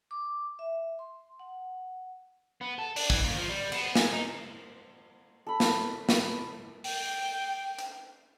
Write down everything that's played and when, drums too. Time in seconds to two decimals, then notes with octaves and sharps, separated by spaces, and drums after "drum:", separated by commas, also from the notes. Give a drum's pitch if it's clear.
0.11 D6
0.59 E5
0.99 C6
1.39 F#5
2.61 B3
2.79 A4
2.96 D4, drum: open hi-hat
3.10 E3, drum: kick
3.24 D#2
3.36 F3
3.49 G3
3.72 B3, drum: cymbal
3.95 G#4, drum: snare
4.13 D#4
5.46 A4 B5
5.60 drum: snare
6.09 drum: snare
6.84 G5, drum: open hi-hat
7.79 drum: hi-hat